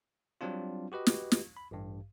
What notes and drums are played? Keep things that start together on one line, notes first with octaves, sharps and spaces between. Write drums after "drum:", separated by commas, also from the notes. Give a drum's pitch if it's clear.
F#3 G3 C4 D4 F4
F#4 G4 B4 D#5
drum: snare
drum: snare
B5
A1 G2